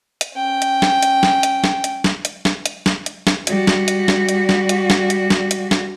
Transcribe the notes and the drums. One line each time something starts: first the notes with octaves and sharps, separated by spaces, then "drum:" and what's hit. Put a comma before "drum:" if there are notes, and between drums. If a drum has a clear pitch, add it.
drum: hi-hat
C#4 G5
drum: hi-hat
drum: snare
drum: hi-hat
drum: snare
drum: hi-hat
drum: snare
drum: hi-hat
drum: snare
drum: hi-hat
drum: snare
drum: hi-hat
drum: snare
drum: hi-hat
drum: snare
G3 F#4, drum: hi-hat
drum: snare
drum: hi-hat
drum: snare
drum: hi-hat
drum: snare
drum: hi-hat
drum: snare
drum: hi-hat
drum: snare
drum: hi-hat
drum: snare